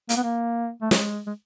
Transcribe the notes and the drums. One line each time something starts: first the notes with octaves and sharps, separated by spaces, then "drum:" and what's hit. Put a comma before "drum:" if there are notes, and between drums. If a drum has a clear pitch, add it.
A#3, drum: hi-hat
B3
A#3
A3
G#3, drum: snare
G#3